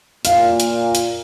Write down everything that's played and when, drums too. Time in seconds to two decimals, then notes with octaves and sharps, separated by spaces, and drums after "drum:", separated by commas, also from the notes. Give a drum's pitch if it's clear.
0.25 A#2 F5, drum: hi-hat
0.60 drum: hi-hat
0.95 drum: hi-hat